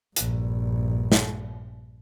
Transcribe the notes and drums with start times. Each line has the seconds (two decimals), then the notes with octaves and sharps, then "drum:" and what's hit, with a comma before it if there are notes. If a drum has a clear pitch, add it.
0.16 A#1 G2, drum: hi-hat
1.12 drum: snare